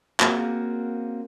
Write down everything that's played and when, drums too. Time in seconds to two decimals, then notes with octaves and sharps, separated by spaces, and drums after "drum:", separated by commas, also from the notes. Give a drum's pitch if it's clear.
0.20 A#3 C4 C#4 F4 F#4 G#4, drum: clap